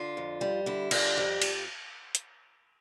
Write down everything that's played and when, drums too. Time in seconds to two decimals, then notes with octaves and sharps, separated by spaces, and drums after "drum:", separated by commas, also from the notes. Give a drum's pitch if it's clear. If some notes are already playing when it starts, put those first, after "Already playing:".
Already playing: D3 F4
0.17 F2
0.41 G3
0.66 D3 E4
0.91 G3 F4, drum: cymbal
1.17 F2 G4
1.42 F2, drum: cymbal
2.15 drum: hi-hat